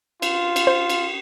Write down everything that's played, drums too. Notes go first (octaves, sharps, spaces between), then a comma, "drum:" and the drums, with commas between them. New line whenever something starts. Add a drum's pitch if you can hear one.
F4, drum: cymbal
drum: cymbal
C5
drum: cymbal